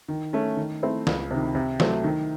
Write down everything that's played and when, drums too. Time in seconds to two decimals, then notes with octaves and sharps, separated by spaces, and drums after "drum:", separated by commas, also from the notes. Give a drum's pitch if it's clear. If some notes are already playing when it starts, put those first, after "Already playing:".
0.08 D#3
0.33 A3 C#4
0.57 D#3
0.82 A3 C4 E4
1.07 C#2, drum: snare
1.31 C3 D#3
1.55 C3
1.80 F#3 A3 C4, drum: snare
2.04 D#3